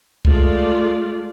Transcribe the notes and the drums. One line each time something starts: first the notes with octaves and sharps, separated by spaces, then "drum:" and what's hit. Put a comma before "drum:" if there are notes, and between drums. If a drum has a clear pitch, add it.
G#3 A3 F4 D5, drum: kick